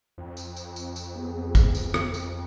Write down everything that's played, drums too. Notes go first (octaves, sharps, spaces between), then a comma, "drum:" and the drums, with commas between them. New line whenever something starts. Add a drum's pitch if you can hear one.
F2
drum: tambourine
drum: tambourine
drum: tambourine
drum: tambourine
B3 G#4
drum: kick, tambourine
drum: tambourine
drum: rim click
drum: tambourine